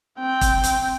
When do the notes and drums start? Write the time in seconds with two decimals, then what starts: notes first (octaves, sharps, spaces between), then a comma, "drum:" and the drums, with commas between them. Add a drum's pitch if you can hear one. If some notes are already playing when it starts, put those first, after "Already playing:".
0.19 C4 G5
0.41 drum: kick E1, hi-hat
0.64 drum: hi-hat